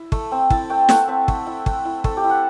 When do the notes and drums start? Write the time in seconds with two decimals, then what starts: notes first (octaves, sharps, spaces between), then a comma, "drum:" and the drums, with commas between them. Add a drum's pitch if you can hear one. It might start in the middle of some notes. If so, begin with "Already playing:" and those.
Already playing: E4
0.12 A3, drum: kick
0.31 C4
0.50 E4 A5, drum: kick
0.70 A3 G5
0.89 A3 F#5, drum: snare
1.08 C4 E5
1.28 A3, drum: kick
1.46 E4
1.66 A3, drum: kick
1.85 E4
2.04 A3 A4, drum: kick
2.17 G4
2.24 E4
2.30 F#5